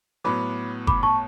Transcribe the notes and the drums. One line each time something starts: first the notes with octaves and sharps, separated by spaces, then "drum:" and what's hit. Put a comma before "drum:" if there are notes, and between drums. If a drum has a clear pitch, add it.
A2 F#3 B3 B5 D6
B5 D6, drum: kick
A5 C#6